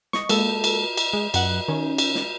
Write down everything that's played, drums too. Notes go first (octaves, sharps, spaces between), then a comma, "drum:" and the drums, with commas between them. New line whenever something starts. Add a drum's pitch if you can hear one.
D#5 C#6, drum: snare
G#3 A#3 A4, drum: cymbal
drum: cymbal
drum: cymbal
G#3
F#2 F#5 F#6, drum: cymbal
D#3 C#4
drum: cymbal
drum: snare